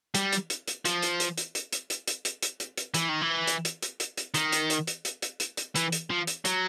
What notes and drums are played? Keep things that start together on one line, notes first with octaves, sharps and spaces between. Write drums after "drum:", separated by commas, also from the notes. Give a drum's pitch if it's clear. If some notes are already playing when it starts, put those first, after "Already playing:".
G3, drum: hi-hat
drum: hi-hat
drum: hi-hat
drum: hi-hat
F3, drum: hi-hat
drum: hi-hat
drum: hi-hat
drum: hi-hat
drum: hi-hat
drum: hi-hat
drum: hi-hat
drum: hi-hat
drum: hi-hat
drum: hi-hat
drum: hi-hat
drum: hi-hat
E3, drum: hi-hat
D#3
E3
drum: hi-hat
drum: hi-hat
drum: hi-hat
drum: hi-hat
drum: hi-hat
D#3, drum: hi-hat
drum: hi-hat
drum: hi-hat
drum: hi-hat
drum: hi-hat
drum: hi-hat
drum: hi-hat
drum: hi-hat
E3, drum: hi-hat
drum: hi-hat
F3
drum: hi-hat
F#3, drum: hi-hat